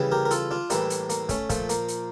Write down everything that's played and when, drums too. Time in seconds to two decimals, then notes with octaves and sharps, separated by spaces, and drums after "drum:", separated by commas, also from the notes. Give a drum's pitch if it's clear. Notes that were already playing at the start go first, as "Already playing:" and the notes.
Already playing: C#3 E3 G3
0.12 G4 A#4
0.25 A#4
0.31 F4 A4, drum: hi-hat
0.51 D4 F4
0.70 A2 E3 G3 A#3 D4, drum: hi-hat
0.90 drum: hi-hat
1.10 A#3, drum: hi-hat
1.29 A3 C#4, drum: kick, hi-hat
1.50 A#2 F3 A3, drum: kick, hi-hat
1.69 A#3, drum: hi-hat
1.88 drum: hi-hat